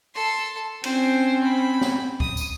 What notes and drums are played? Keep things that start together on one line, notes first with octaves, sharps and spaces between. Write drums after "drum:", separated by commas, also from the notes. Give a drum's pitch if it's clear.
A4 C6
C4 C#4 C5, drum: cymbal
B5
drum: snare
D#6, drum: kick C#2
drum: tambourine